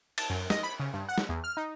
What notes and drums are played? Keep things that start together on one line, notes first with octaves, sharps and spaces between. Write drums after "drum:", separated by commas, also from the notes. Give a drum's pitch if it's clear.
A5, drum: cymbal
F#2
D#5, drum: snare
B5
C#3
G2
F#5
drum: snare
E2
F6
D#4